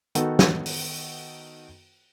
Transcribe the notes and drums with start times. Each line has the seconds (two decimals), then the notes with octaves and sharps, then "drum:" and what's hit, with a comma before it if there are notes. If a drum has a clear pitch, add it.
0.15 D#3 B3 D#4 F#4 A4, drum: hi-hat
0.39 drum: snare
0.66 drum: open hi-hat